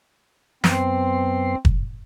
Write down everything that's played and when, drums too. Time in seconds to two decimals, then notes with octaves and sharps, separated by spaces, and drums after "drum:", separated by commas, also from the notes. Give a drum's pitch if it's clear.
0.64 F#2 B3 C4 C6, drum: snare
1.65 drum: kick